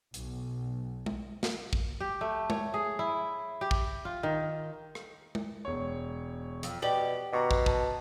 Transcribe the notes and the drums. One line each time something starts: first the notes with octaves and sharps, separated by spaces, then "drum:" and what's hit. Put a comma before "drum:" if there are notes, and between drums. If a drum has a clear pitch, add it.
B1, drum: hi-hat
drum: tom G#3
drum: snare
drum: kick
G4
A3
C#5, drum: tom G#3
G#4
E4
G4
drum: kick
F4
D#3
drum: rim click
drum: tom G#3
E1 C#5
F2, drum: hi-hat
B2 G4 D5 F#7
B2 A#5 C#6 D6
drum: kick
A5, drum: kick